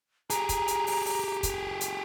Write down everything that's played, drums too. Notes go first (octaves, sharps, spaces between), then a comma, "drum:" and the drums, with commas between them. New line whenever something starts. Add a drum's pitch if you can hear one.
G4 G#4 A#5, drum: hi-hat
drum: kick, hi-hat
drum: hi-hat
drum: open hi-hat
drum: open hi-hat
drum: kick, hi-hat
drum: hi-hat